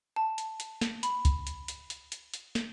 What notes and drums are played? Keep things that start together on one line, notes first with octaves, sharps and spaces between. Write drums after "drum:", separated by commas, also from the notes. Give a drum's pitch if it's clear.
A5
drum: hi-hat
drum: hi-hat
drum: snare
B5, drum: hi-hat
drum: kick C#2, hi-hat
drum: hi-hat
drum: hi-hat
drum: hi-hat
drum: hi-hat
drum: hi-hat
drum: snare